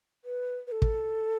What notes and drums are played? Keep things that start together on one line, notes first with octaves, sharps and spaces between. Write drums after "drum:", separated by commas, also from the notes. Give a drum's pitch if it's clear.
B4
B4
A4
drum: kick